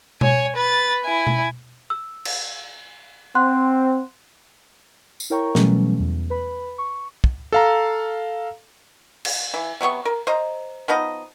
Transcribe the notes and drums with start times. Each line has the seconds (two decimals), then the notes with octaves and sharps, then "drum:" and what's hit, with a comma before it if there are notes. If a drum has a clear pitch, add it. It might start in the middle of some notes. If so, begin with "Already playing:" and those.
0.21 C#5 G#5, drum: tom B2
0.56 B4 A6
1.04 E4 G#5
1.27 drum: tom B2
1.90 E6
2.25 drum: cymbal
3.35 C4 F#5 C6 F#6
5.20 drum: tambourine
5.30 E4 A#4 C#5 G5 A#5 C#6
5.55 B2 E3 F#3 G3 A3 C#4, drum: snare
6.00 E2
6.30 B4 B5
6.78 C#6
7.24 drum: kick
7.52 A4 F5 A#5
9.25 drum: cymbal
9.54 E3
9.81 C3 F#3 B3 C#6
10.05 A#4
10.27 C5 D#5 A#5
10.88 F3 B3 D#4 D#5